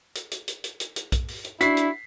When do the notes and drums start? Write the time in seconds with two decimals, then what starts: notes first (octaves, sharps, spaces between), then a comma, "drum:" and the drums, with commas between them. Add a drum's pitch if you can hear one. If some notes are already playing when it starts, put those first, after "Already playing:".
0.15 drum: hi-hat
0.32 drum: hi-hat
0.48 drum: hi-hat
0.64 drum: hi-hat
0.80 drum: hi-hat
0.96 drum: hi-hat
1.12 drum: kick, hi-hat
1.28 drum: open hi-hat
1.45 drum: hi-hat
1.61 D4 E4 F#4 B6 C7, drum: hi-hat
1.77 drum: hi-hat